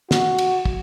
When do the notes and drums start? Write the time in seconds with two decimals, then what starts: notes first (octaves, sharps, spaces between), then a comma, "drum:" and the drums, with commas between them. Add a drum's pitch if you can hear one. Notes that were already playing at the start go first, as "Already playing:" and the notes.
0.11 F#4, drum: snare
0.38 drum: cymbal
0.65 drum: kick